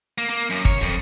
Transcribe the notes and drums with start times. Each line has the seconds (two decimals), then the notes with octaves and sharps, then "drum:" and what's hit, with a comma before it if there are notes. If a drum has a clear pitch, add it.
0.18 A#3
0.29 A#3
0.50 F#2
0.65 C#5, drum: kick
0.81 F2